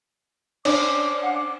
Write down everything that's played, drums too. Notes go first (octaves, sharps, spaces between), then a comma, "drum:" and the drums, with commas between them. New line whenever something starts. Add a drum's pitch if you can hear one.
C#4 D4 C5 D6, drum: cymbal
F5 F#5
D6